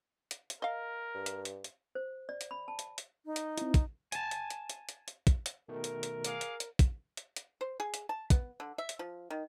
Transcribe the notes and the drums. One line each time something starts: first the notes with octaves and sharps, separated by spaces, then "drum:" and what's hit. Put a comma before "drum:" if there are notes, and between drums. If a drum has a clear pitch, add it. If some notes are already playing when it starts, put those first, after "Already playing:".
drum: hi-hat
drum: hi-hat
A#4 D#5 F5
G2
drum: hi-hat
drum: hi-hat
drum: hi-hat
C5
D5
drum: hi-hat
B5
A5
drum: hi-hat
drum: hi-hat
D#4
drum: hi-hat
C4 E4, drum: hi-hat
drum: kick, hi-hat
G#5 A5, drum: hi-hat
drum: hi-hat
drum: hi-hat
drum: hi-hat
drum: hi-hat
drum: hi-hat
drum: kick, hi-hat
drum: hi-hat
B2 D#3 A3 A#4
drum: hi-hat
drum: hi-hat
G#4 F5 D6, drum: hi-hat
drum: hi-hat
drum: hi-hat
drum: kick, hi-hat
drum: hi-hat
drum: hi-hat
C5
G#4
drum: hi-hat
A5
B3, drum: kick, hi-hat
D3
E5
drum: hi-hat
F3
D#3